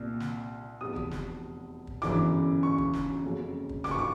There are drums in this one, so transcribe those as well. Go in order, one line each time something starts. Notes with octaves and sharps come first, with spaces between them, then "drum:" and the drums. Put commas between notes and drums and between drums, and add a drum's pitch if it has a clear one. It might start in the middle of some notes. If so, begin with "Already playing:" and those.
Already playing: C2 A#2
drum: snare
F1 E2 B2 G3 D#6
drum: kick
drum: snare
drum: kick
G1 F#2 C#3 E3 D6, drum: snare
C#6
drum: kick
drum: snare
F#1 F2 C#3 F#3
drum: kick
D6, drum: snare
C#6
D6